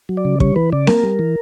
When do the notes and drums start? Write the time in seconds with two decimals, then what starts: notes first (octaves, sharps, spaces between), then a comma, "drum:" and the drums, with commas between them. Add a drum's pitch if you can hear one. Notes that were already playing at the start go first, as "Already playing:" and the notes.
0.09 F#3
0.17 D5
0.25 C#3
0.40 G3 C#5, drum: kick
0.56 E3 B4
0.72 C#3 D5
0.87 A#3 A#4, drum: snare C4
1.03 G3
1.19 E3